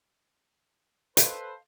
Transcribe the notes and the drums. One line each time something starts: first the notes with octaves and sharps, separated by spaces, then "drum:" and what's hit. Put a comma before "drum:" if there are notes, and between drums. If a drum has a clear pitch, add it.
A4 B4 C5 D#5 F5, drum: hi-hat